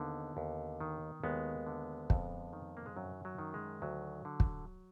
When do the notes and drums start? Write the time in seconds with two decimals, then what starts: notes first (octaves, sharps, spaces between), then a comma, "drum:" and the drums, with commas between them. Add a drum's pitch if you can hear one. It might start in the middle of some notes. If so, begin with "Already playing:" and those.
Already playing: D#2 D3 B3 D#4
0.37 D#2
0.80 D#3
1.23 D#2 G#3 B3
1.67 D3
2.10 F2, drum: kick
2.53 D#3
2.77 A#3
2.86 G#3
2.96 F#2 F#3
3.25 F#3
3.39 D#3
3.54 G#3
3.82 D2 F#3
4.25 D3
4.40 drum: kick